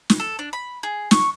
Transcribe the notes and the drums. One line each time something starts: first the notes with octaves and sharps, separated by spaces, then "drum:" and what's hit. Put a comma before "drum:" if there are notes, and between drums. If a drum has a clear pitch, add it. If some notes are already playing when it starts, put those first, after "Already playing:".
drum: snare
A4
D4
B5
G#4
C#6, drum: snare